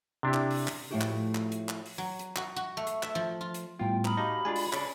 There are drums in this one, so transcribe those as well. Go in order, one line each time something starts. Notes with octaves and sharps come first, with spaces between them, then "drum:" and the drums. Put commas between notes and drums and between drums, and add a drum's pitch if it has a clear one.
C3 D4 E4 G4
drum: clap
drum: open hi-hat
drum: clap
A2 F3 A3 E4 F#4 G4
drum: clap
drum: clap
drum: hi-hat
drum: clap
drum: open hi-hat
F#3
drum: hi-hat
F#4, drum: clap
F#4
A3
drum: hi-hat
E5, drum: clap
F3
F4
drum: hi-hat
A2 G3 B3 F4 G5
A#5 B5 D#6 F6, drum: clap
D#4 F#4 G4 F5 A5
G#3 D4 F4 G#5
drum: open hi-hat
C#3 D4 C#5 C#7 D7, drum: clap